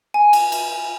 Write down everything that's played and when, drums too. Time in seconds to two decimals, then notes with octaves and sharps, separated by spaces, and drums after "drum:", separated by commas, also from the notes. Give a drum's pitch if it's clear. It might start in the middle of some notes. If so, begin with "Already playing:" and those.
0.14 G#5
0.33 drum: cymbal
0.52 drum: cymbal